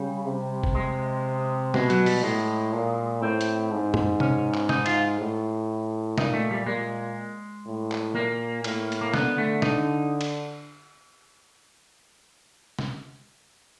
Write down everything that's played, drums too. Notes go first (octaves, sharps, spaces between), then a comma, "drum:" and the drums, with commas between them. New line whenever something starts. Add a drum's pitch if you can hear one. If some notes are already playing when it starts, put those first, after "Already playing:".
Already playing: C#3 G3
C3
drum: kick
G#3
B2 G#3, drum: snare
F#3, drum: hi-hat
G3, drum: open hi-hat
A2 G#3
A#2
A2 C4
drum: hi-hat
G#2
drum: tom
C#4, drum: tom C3
drum: clap
D#4, drum: snare
F4, drum: cymbal
A2
A#2 D#4, drum: snare
A3
G3
A#2 G#3
A2
drum: clap
A#2 A#3
A2, drum: cymbal
drum: hi-hat
A#3
D3 B3, drum: snare
A3
D3 D#4, drum: snare
drum: cymbal
drum: snare